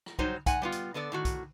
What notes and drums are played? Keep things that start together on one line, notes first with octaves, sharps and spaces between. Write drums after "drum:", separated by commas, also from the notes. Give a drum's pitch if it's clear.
drum: rim click
F#3 G3 D#4 C5, drum: kick
G#2 F#5 G#5, drum: kick, hi-hat
G3 B3 F4
drum: hi-hat
D3 B3 A4 D5
A2 D#3 F#4
drum: kick, hi-hat